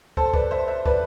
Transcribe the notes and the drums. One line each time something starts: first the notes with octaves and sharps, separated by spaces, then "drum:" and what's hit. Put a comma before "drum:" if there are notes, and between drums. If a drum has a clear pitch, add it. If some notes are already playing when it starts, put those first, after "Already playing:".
A4 C5, drum: kick
B4 D5, drum: kick
C5 E5
C5 E5
B4 D5, drum: kick